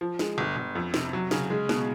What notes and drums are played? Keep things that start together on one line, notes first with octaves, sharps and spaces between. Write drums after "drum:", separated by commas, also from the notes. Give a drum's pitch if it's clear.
F3
G#3, drum: snare
G1
G1
F2
C3, drum: snare
F#3
C#3, drum: snare
G#3
B2, drum: snare